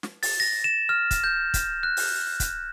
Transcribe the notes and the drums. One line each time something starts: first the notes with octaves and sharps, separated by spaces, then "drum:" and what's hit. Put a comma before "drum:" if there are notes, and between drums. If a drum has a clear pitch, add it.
drum: snare
A6, drum: open hi-hat
A#6
E7
F6
drum: kick, hi-hat
G6
drum: kick, hi-hat
F#6
drum: open hi-hat
drum: kick, hi-hat